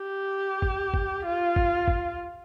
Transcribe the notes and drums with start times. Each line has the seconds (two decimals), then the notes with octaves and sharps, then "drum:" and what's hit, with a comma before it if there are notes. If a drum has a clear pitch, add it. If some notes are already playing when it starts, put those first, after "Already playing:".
Already playing: G4
0.62 drum: kick G1
0.94 drum: kick G1
1.26 F4
1.56 drum: kick G1
1.88 drum: kick G1